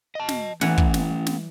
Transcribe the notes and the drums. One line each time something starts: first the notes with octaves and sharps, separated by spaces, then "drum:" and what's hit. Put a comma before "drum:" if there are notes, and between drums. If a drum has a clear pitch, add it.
D#5 A5
drum: snare
E3 A3 C#4 F#5, drum: snare
drum: kick
drum: snare
drum: snare